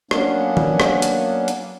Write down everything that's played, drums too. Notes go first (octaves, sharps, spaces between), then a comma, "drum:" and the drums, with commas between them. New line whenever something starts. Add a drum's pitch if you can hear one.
F#3 A#3 B3 C#4 D4, drum: rim click
drum: tom D#3
drum: rim click
drum: hi-hat
drum: hi-hat